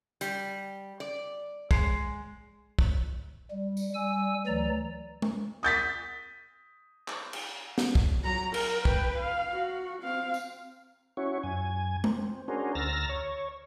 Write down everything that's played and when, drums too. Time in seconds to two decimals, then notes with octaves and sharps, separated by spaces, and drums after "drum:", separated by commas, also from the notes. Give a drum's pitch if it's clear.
0.21 G3, drum: hi-hat
1.00 D5
1.71 G#3, drum: kick
2.79 drum: kick
3.51 G3
3.77 drum: tambourine
3.94 G3 G#5 E6
4.47 D2 E3 F#3 D5 A#5
5.22 drum: tom G#3
5.63 D#6 G6 A6 B6
7.08 drum: clap
7.33 drum: cymbal
7.78 drum: snare
7.95 drum: kick
8.24 F#3 A#5
8.54 A#4, drum: cymbal
8.85 B4 G5, drum: kick
9.18 F5
9.53 F#4
10.03 C4 F5
10.34 drum: tambourine
11.17 C#4 E4 F#4 C#5
11.43 F#2 G#5
12.04 C4, drum: tom G#3
12.48 C#4 D4 F#4 G#4 A#4 C5
12.75 D2 A#5 E6 F6 A6 A#6
13.09 C#5